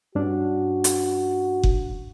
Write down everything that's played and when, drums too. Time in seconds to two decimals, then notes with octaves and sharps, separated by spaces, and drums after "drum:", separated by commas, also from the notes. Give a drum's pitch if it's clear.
0.15 G2 C#4 D4 F#4
0.84 drum: hi-hat
1.63 drum: kick F#1